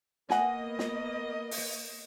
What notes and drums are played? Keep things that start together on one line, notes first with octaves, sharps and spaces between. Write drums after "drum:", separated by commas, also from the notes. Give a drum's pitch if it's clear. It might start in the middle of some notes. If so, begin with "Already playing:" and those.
A#3 B3 D#5 F#5 G#5, drum: snare
drum: snare
drum: open hi-hat